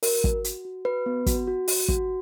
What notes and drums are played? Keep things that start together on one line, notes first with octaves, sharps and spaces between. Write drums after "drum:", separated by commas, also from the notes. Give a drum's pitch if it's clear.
F#4 A#4, drum: open hi-hat
F#4, drum: kick
F#4, drum: hi-hat
F#4
F#4 B4
B3
F#4, drum: kick, hi-hat
F#4
F#4, drum: open hi-hat
F#4, drum: kick